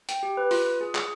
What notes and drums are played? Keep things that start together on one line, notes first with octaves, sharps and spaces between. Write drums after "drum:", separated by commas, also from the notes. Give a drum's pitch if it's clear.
G5, drum: hi-hat
G4
B4
F4, drum: open hi-hat
F4
G#4
G#4, drum: clap